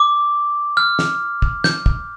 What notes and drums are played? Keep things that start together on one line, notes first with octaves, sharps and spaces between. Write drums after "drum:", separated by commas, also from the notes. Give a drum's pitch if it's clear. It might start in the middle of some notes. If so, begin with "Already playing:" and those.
Already playing: D6
F6
drum: snare
drum: kick
G6, drum: snare
drum: kick